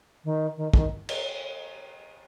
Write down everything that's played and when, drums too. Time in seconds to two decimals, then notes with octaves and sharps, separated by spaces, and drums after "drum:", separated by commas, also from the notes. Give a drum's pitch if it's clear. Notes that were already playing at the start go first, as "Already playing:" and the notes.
0.24 D#3
0.57 D#3
0.73 D#3, drum: kick
1.09 drum: cymbal